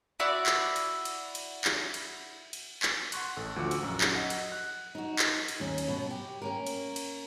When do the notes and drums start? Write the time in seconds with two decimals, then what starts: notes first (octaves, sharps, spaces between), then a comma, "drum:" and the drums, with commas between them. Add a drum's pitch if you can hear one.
0.20 E4 F#4 D5
0.46 drum: clap
0.76 drum: cymbal
1.05 drum: cymbal
1.35 drum: cymbal
1.64 drum: clap
1.94 drum: cymbal
2.53 drum: cymbal
2.83 drum: clap
3.12 F#5 C6 C#6 F#6, drum: cymbal
3.37 A1 A4
3.56 D2 F3 F#4 D6 E6 C#7
3.71 drum: cymbal
3.82 A#1 F#2 F#4
4.01 drum: clap
4.15 D#5 F#5
4.30 drum: cymbal
4.52 F#6
4.95 D#4 F#4
5.19 drum: clap
5.48 drum: cymbal
5.60 D#2 C#4
5.78 drum: cymbal
5.88 B2
6.11 G4
6.42 A#3 C#4 A#4
6.67 drum: cymbal
6.96 drum: cymbal